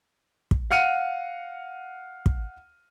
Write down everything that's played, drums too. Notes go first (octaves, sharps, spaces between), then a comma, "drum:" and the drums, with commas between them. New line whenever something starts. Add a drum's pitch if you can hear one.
drum: kick
F5 F#5 F6 C#7 D#7
drum: kick